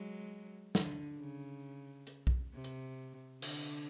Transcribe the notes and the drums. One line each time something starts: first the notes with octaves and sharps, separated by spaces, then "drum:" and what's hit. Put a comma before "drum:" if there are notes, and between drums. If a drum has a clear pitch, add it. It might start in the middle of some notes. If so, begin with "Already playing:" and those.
Already playing: F#3 G#3
D3, drum: snare
C#3
drum: hi-hat
drum: kick B1
C3
drum: hi-hat
D3, drum: cymbal